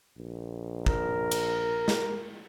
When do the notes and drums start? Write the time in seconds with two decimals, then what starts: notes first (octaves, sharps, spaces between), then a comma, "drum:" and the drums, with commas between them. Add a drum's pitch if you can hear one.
0.17 A#1
0.86 A#4, drum: kick
1.31 drum: cymbal
1.88 drum: snare